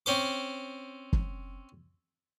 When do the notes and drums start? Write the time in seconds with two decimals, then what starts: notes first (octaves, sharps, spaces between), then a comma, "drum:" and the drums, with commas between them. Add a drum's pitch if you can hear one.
0.06 C4 C#4 C5 D6
1.13 drum: kick